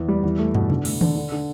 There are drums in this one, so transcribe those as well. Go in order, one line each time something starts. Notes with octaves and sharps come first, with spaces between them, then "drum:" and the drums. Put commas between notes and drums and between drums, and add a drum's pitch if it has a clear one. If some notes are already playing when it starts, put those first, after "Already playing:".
Already playing: E2
G3
E2
A3
B2, drum: tom
D3, drum: tom C3
A3, drum: cymbal
D3, drum: tom D#3
D3
D3